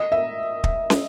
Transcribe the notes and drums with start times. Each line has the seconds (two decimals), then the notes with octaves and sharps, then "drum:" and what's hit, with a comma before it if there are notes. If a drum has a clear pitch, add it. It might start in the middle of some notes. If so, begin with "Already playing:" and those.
Already playing: D#5
0.12 E5
0.64 drum: kick
0.90 drum: snare